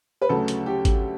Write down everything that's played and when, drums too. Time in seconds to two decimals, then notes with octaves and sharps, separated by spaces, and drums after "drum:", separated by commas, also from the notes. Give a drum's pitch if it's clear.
0.22 B4
0.29 D2 C#3 F#3 A3 A4
0.48 drum: hi-hat
0.66 G4
0.85 drum: kick G#1, hi-hat